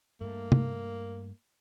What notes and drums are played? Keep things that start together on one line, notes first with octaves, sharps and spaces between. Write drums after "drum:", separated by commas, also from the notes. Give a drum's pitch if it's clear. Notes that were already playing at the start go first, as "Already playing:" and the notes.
G2 A3 A#3
drum: tom